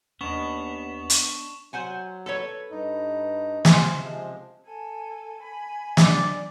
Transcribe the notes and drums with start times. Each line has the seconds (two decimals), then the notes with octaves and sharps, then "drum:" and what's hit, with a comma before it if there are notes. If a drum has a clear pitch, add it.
0.21 D#2 B3 C#4 D4 D#5 C#6 E7 F7
1.10 drum: hi-hat
1.73 F#3 C5 F#5 G#5
2.26 A4 B4 C#5
2.71 G2 D#4
3.65 C#3 C5, drum: snare
3.98 C3 F3 G#3
4.64 A4 G#5
5.40 G#5 B5
5.97 F#3 D4 D5, drum: snare